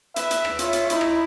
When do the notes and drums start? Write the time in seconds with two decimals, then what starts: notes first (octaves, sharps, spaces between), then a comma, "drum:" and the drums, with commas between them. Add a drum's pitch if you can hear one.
0.16 B4 E5, drum: hi-hat
0.31 drum: hi-hat
0.45 drum: rim click
0.59 F4 C#5 E5, drum: hi-hat
0.73 drum: hi-hat
0.90 D#4 E4, drum: hi-hat
1.01 drum: rim click